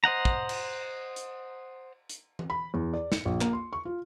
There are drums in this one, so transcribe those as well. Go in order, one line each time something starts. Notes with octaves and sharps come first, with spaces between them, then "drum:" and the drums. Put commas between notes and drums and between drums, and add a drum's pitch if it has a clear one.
C5 D#5 F#5 A#5
drum: kick
drum: cymbal
drum: hi-hat
drum: hi-hat
drum: tom E3
B5
E2
D5
C#7, drum: snare
A#1
A#3, drum: clap
C6
C#6
F4